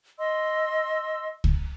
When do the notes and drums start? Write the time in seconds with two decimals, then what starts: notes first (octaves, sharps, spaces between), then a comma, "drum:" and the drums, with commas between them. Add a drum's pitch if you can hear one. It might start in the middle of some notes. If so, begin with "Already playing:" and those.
0.18 D#5 C6 E6
1.44 drum: kick C#2